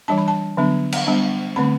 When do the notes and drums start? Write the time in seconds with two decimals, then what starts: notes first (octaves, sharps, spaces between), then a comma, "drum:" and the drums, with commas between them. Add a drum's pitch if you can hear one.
0.08 E3 G3 D4 A5
0.18 B5
0.28 A5
0.57 D3 F#3 B3 D4
0.92 drum: cymbal
1.07 G3 B3 D4
1.56 D3 A3 C4 B5